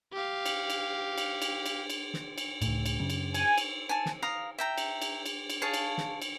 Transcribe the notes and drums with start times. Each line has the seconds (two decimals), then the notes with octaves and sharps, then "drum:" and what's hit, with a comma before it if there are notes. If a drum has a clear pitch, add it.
0.13 G4 F5
0.46 drum: cymbal
0.70 drum: cymbal
1.18 drum: cymbal
1.42 drum: cymbal
1.66 drum: cymbal
1.90 drum: cymbal
2.14 drum: snare
2.38 drum: cymbal
2.62 C#2 A2, drum: cymbal
2.86 drum: cymbal
3.00 F#2 C#3 C#4
3.10 drum: cymbal
3.34 G#5, drum: cymbal
3.58 drum: cymbal
3.89 G#5 A5
4.06 drum: snare
4.22 F5 A#5 D#6
4.58 E5 G5 A#5
4.78 drum: cymbal
5.02 drum: cymbal
5.26 drum: cymbal
5.50 drum: cymbal
5.62 G#4 C#5 F5 A5
5.74 drum: cymbal
5.98 drum: snare
6.22 drum: cymbal